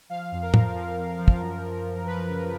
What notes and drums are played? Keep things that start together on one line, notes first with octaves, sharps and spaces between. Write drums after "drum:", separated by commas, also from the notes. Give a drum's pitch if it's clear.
F3 F5
F2
A#4
F3, drum: tom A2
F3
F2
F3
drum: kick
F#2
F#2
F#2
F#2 B4
C#3